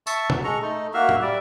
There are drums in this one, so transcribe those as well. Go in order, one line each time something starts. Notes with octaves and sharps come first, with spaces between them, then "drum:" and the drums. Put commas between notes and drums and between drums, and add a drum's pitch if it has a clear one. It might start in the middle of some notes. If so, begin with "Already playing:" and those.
E5 A5 C#6, drum: tambourine
F#3, drum: tom
G#3 A4 A#5 C#6
A3 D#4
A#3 F#4 E5 F5
drum: tom A2
G3 D5 E5